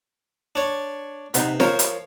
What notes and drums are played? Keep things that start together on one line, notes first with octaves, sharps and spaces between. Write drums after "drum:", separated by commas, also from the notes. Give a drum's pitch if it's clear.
D4 C#5
C3 B3 D#4, drum: hi-hat
F3 A#4 C5 C#5, drum: snare
drum: hi-hat